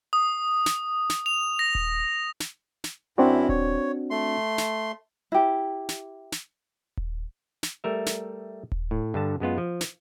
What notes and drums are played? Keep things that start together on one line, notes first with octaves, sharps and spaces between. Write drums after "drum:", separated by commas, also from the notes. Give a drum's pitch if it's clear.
D#6
drum: snare
drum: snare
F7
A#6
drum: kick D#1
drum: snare
drum: snare
F#2 C4 D4 E4 F#4
C#5, drum: kick D#1
A3 C6
drum: snare
E4 G4
drum: snare
drum: snare
drum: kick D#1
drum: snare
G3 A3 A#4 E5
drum: snare
drum: kick D#1
A2
G2 D3 A5
F#2 G#3 B3 F4
F3
drum: snare